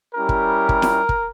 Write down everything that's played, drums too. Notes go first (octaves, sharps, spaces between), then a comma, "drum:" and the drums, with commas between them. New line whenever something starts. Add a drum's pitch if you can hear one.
G3 C#4 E4 G4 A#4
drum: kick
drum: kick
drum: snare
drum: kick